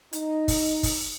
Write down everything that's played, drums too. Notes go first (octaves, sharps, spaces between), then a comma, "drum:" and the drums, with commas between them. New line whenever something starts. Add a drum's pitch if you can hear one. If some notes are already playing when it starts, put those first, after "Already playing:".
D#4, drum: hi-hat
drum: kick, open hi-hat
drum: kick, open hi-hat